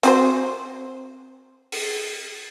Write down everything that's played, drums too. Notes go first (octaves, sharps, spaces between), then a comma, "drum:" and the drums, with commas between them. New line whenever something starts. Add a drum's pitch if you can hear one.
C4 F#4 C5, drum: hi-hat
drum: open hi-hat